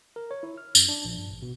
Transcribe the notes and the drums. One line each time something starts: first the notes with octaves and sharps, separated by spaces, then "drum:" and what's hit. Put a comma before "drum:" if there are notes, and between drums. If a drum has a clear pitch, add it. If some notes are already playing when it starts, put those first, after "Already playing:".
A#4
C#5
E4
F6
F#2, drum: tambourine
D4
A#1
G2
A1
B2